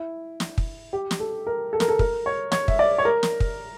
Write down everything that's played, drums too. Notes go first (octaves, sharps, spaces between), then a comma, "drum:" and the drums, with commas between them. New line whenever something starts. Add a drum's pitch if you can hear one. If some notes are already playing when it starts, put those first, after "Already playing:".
Already playing: E4
drum: snare
drum: kick
G4
drum: snare
A4
A#4
A4
A#4, drum: snare
A4
A#4, drum: kick
C#5
C#5, drum: snare
E5, drum: kick
D5
C#5
A#4
drum: snare
drum: kick